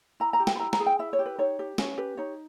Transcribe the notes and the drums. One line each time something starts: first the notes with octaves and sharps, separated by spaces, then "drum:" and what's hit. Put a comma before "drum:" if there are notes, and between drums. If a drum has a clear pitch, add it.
E4 A#5
A#5
G4
G5, drum: snare
B5
E4 A#5
A#5, drum: snare
G#4
G5
E4 E5
C#5
G4
B4
D#4 C#5
G4
C#4 C#5, drum: snare
G4 B4
D#4 C#5